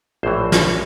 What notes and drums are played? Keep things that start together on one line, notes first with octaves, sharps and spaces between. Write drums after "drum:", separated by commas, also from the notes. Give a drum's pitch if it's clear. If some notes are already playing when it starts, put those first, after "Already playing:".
A#1 A2 E3 C5
drum: snare
C#5